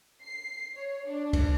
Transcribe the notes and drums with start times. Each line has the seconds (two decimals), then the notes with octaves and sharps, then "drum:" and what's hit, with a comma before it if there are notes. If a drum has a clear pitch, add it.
0.24 C7
0.75 C#5
1.07 D4
1.33 drum: kick, cymbal